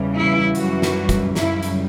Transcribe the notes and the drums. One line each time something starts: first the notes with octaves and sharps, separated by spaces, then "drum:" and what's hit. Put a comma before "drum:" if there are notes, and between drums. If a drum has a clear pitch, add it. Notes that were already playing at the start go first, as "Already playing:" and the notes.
Already playing: E2 C#3 E3 G3
E4
F#2 E3 G3 F#4, drum: hi-hat
drum: snare
drum: kick, hi-hat
F#2 C#3 G3 E4, drum: snare
drum: hi-hat